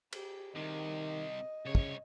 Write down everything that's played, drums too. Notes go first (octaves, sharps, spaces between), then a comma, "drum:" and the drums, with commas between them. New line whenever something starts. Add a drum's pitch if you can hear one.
G4, drum: cymbal
C2 C3 D#3 D#5
C2 C#3 C#5
drum: kick